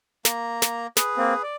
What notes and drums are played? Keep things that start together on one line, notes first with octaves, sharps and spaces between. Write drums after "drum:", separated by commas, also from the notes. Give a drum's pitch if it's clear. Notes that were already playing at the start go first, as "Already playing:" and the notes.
A#3 A#5, drum: snare
drum: snare
G#4 B4, drum: snare
A#3 C4
D5